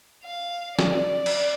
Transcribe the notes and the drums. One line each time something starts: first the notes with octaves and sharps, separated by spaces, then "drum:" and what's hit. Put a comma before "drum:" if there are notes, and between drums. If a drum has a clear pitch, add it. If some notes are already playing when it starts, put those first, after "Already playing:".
F5
D5, drum: snare
drum: cymbal